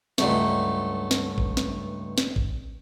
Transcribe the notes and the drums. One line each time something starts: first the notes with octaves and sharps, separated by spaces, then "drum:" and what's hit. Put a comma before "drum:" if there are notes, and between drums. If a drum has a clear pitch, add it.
C#2 G2 F#3 A3, drum: snare
drum: snare
drum: kick
drum: snare
drum: snare
drum: kick